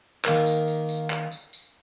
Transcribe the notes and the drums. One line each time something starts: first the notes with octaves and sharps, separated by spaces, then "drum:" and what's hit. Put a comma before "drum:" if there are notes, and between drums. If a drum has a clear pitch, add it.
D#3 A#3 A#4, drum: clap
drum: tambourine
drum: tambourine
drum: tambourine
drum: clap
drum: tambourine
drum: tambourine